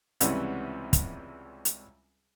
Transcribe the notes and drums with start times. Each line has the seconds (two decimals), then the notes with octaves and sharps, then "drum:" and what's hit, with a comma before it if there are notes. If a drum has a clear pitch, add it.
0.20 C#2 C3 E3 G3 C#4 F#5, drum: hi-hat
0.93 drum: kick, hi-hat
1.65 drum: hi-hat